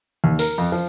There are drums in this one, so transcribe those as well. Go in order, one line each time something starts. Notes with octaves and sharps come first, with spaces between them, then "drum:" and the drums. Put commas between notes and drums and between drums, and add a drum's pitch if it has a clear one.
D#2
A#4, drum: tambourine
F2
F3